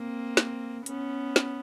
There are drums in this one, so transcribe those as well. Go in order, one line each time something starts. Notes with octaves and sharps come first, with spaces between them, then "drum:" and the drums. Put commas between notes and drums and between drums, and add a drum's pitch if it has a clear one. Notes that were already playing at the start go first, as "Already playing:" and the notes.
Already playing: A#3 C4
drum: snare
B3 C#4, drum: hi-hat
drum: snare